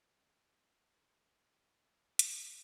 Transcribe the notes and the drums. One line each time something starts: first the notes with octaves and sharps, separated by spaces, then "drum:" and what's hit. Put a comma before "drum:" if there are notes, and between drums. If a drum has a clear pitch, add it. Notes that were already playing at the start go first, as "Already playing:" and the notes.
C4 G#4 A#4 C#5 F#5
drum: hi-hat